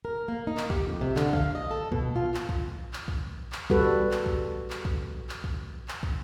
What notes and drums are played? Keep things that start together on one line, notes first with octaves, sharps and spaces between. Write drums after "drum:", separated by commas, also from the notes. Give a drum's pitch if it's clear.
A#4
A#3
D#4
drum: clap
G4, drum: kick
F2
C3
D3, drum: clap
F5, drum: kick
D#5
A4
B2, drum: kick
F4
drum: clap
drum: kick
drum: clap
drum: kick
drum: clap
G3 F#4 A4 B4, drum: kick
drum: clap
drum: kick
drum: clap
drum: kick
drum: clap
drum: kick
drum: clap
drum: kick